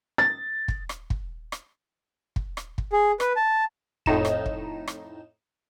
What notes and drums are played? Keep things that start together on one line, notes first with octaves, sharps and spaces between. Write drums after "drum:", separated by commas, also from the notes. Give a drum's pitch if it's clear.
A6
drum: kick
drum: rim click
drum: kick
drum: rim click
drum: kick
drum: rim click
drum: kick
G#4
B4, drum: rim click
A5
F2 A2 D#4 E7, drum: kick
drum: rim click
drum: kick
drum: rim click